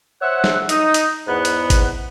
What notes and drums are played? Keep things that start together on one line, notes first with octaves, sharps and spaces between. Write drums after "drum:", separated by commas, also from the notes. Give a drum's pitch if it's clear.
C5 C#5 E5 F#5
drum: snare
D#4, drum: hi-hat
drum: hi-hat
E2 G#2 B3 F#5
drum: hi-hat
drum: kick G#1, hi-hat